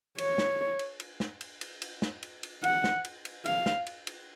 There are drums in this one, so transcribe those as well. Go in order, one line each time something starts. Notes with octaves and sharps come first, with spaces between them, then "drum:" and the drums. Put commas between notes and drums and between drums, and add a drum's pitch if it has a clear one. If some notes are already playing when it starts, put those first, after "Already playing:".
C#5, drum: cymbal
drum: snare
drum: cymbal
drum: cymbal
drum: snare
drum: cymbal
drum: cymbal
drum: cymbal
drum: snare
drum: cymbal
drum: cymbal
F#5, drum: cymbal
drum: snare
drum: cymbal
drum: cymbal
F5, drum: cymbal
drum: snare
drum: cymbal
drum: cymbal